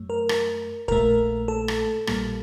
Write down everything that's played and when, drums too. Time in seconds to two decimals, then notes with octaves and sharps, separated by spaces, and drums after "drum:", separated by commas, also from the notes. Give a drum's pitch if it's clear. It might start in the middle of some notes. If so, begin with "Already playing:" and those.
Already playing: F#2 F#3 A3
0.10 A#4
0.29 drum: rim click
0.88 A#1 A#2 A3 A#4, drum: kick D1
1.48 A4
1.68 drum: rim click
2.07 A#1 A#2 G3 A#3, drum: rim click